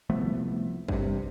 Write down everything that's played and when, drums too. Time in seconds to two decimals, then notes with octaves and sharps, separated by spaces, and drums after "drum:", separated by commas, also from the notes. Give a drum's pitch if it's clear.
0.10 C2 F3 A3 B3
0.89 G2 C3, drum: kick